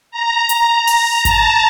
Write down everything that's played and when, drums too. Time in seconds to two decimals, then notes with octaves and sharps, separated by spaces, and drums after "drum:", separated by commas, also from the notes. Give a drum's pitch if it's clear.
0.11 A#5
0.49 drum: hi-hat
0.87 drum: open hi-hat
1.25 A5, drum: kick G#1, hi-hat